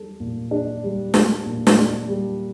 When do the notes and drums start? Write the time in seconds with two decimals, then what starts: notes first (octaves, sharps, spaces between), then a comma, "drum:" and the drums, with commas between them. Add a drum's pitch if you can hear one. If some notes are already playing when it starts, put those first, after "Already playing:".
Already playing: G3 A4
0.20 A#2
0.51 D4
0.84 G3
1.14 A4, drum: snare
1.46 A#2
1.67 drum: snare
1.77 D4
2.09 G3